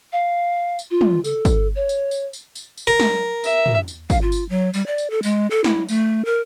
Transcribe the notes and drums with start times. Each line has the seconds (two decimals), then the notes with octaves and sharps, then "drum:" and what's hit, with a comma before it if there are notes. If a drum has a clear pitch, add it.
0.12 F5
0.79 drum: tambourine
0.91 F4
1.01 drum: tom
1.24 A4, drum: tambourine
1.45 drum: kick, tambourine
1.75 C#5
1.89 drum: tambourine
2.11 drum: tambourine
2.33 drum: tambourine
2.55 drum: tambourine
2.77 drum: tambourine
2.87 A#4
3.00 drum: snare
3.44 E5, drum: tambourine
3.66 drum: tom
3.88 drum: tambourine
4.10 F5, drum: kick, tambourine
4.22 F4
4.32 drum: tambourine
4.49 F#3
4.73 G3, drum: tambourine
4.87 D5
4.98 drum: tambourine
5.10 A4
5.23 G#3, drum: tambourine
5.51 A4
5.64 E4, drum: snare
5.89 A3, drum: tambourine
6.25 A#4